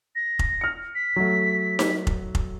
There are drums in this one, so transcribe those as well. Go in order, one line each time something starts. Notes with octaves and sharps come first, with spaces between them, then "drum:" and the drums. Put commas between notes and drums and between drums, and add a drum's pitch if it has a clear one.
A#6
drum: kick F1
F6 C#7
B6
F#3 A3
drum: snare D#4
drum: kick F1
drum: kick F1